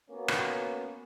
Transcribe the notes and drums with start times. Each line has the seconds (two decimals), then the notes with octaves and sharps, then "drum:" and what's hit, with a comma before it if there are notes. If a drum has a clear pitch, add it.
0.10 A#3 B3 C#4 F#4
0.28 drum: rim click